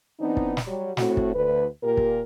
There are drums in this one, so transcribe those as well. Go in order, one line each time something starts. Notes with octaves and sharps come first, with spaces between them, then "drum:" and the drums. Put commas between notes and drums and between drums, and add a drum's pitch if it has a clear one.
E3 B3 C4 D4 D#4
drum: kick
drum: snare
F#3 G3
A2 A3 C4 F#4, drum: snare
drum: kick
D2 B4
A#2 G4 A#4
drum: kick